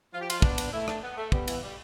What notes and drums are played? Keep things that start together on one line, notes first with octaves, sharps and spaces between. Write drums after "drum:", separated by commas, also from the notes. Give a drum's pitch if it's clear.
F3 F4
G4
F4, drum: cymbal
B3 D4, drum: kick
drum: cymbal
A3 E4
D4, drum: rim click
B3
A3
G3 B3, drum: kick
E3, drum: cymbal
G3